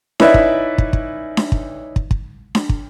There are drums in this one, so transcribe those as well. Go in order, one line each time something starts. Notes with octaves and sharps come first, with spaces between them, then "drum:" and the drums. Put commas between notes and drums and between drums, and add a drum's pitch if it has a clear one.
C#4 D#4 E4 B4 D5 E5, drum: snare D4
drum: kick
drum: kick
drum: kick
drum: snare D4
drum: kick
drum: kick
drum: kick
drum: snare D4
drum: kick